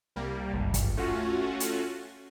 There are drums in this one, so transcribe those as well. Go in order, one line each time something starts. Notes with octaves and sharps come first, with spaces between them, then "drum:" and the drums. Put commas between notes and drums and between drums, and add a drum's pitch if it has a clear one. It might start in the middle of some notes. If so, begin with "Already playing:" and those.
C2 G3 A#3
G#1 C#2 G2
drum: kick, hi-hat
A3 C#4 F4 F#4
drum: hi-hat